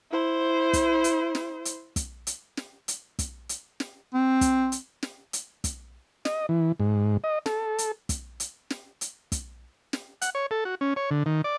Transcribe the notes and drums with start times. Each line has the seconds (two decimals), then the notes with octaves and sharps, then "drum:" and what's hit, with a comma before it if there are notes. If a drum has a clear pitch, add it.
0.11 E4 C5
0.73 drum: kick, hi-hat
1.04 drum: hi-hat
1.35 drum: snare
1.65 drum: hi-hat
1.96 drum: kick, hi-hat
2.27 drum: hi-hat
2.57 drum: snare
2.88 drum: hi-hat
3.19 drum: kick, hi-hat
3.49 drum: hi-hat
3.80 drum: snare
4.14 C4
4.41 drum: kick, hi-hat
4.72 drum: hi-hat
5.03 drum: snare
5.33 drum: hi-hat
5.64 drum: kick, hi-hat
6.25 D#5, drum: snare
6.49 E3
6.80 G#2
7.24 D#5
7.46 A4, drum: snare
7.78 drum: hi-hat
8.09 drum: kick, hi-hat
8.40 drum: hi-hat
8.70 drum: snare
9.01 drum: hi-hat
9.32 drum: kick, hi-hat
9.93 drum: snare
10.22 F#5, drum: hi-hat
10.35 C#5
10.51 A4
10.65 F#4
10.81 C#4
10.96 C#5
11.11 D3
11.26 D#3
11.44 D5